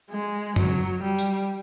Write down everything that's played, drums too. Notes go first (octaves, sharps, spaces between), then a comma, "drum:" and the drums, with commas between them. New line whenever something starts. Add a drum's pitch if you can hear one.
G#3
F#3, drum: tom
G3
drum: tambourine